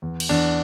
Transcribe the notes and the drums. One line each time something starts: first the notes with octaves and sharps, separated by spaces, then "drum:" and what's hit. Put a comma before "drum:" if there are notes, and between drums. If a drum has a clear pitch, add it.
E2
drum: cymbal
E2 D4